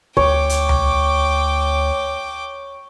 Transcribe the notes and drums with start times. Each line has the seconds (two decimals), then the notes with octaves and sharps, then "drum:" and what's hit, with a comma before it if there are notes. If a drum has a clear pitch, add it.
0.17 D2 C#5 G5 D6, drum: kick
0.49 drum: hi-hat
0.69 drum: tom C2